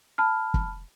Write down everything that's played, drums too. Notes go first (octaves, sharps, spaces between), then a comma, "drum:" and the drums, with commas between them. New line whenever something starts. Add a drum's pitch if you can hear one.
A5 B5 F6
drum: kick